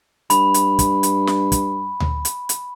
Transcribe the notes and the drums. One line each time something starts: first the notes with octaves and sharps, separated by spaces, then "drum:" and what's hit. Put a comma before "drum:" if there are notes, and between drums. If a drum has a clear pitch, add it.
G2 B5, drum: hi-hat
drum: hi-hat
drum: kick, hi-hat
drum: hi-hat
drum: snare
drum: kick, hi-hat
drum: tom D2
drum: hi-hat
drum: hi-hat